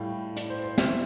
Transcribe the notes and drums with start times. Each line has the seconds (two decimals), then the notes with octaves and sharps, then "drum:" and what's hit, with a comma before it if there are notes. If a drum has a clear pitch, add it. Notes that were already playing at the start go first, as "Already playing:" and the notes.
Already playing: A2 G3 F5 G5
0.36 D5, drum: hi-hat
0.50 C5
0.64 C5
0.78 E5, drum: snare